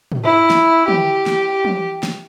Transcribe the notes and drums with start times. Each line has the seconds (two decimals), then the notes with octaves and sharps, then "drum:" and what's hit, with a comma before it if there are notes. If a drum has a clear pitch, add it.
0.12 drum: tom
0.24 E4
0.50 drum: snare
0.88 G4, drum: tom
1.26 drum: snare
1.65 drum: tom
2.03 drum: snare